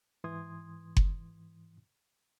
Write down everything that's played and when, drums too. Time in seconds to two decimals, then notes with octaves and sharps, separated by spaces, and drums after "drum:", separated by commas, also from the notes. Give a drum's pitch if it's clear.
0.24 G#2 E3 C6 D#6 G#6
0.97 drum: kick F#1